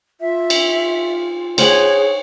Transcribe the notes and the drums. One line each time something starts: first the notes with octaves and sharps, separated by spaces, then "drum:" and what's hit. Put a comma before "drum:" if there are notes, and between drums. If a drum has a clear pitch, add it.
F4 E5
drum: cymbal
G#4 C5 C#5 F#5 G#5, drum: cymbal